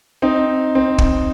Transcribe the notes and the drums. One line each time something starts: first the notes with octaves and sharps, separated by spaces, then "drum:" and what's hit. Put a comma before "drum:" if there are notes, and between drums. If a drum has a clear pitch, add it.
C4 D#4
C4
drum: kick